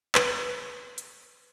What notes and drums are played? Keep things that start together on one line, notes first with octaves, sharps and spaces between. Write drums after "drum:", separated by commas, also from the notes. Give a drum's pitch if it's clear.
B4, drum: clap
drum: hi-hat